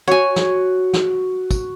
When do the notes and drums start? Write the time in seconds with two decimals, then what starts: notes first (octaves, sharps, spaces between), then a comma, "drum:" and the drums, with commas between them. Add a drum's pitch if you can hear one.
0.08 F#4 C#5 G#5
0.36 drum: snare
0.93 drum: snare
1.51 drum: kick, tambourine